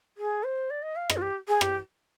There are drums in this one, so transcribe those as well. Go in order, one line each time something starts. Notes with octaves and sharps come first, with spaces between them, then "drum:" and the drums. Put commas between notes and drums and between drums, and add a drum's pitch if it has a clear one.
G#4
C5
D5
D#5
F5
D#5, drum: rim click
F4
G4
G#4
G4, drum: rim click